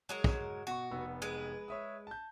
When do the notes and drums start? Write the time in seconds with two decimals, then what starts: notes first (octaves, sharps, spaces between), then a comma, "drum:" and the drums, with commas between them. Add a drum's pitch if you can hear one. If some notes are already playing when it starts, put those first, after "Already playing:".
0.09 F#3 G#3 A#4
0.24 drum: kick
0.67 B2 F#4 C#6
0.91 F1 B3 E6
1.22 G#3 B4
1.68 C#5 E5 D#6
2.07 A5 G6